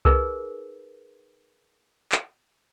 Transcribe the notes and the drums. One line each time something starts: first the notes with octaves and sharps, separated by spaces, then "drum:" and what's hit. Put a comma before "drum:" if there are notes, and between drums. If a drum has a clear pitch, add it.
D#4 G#4 A#4 B4, drum: kick C2
drum: clap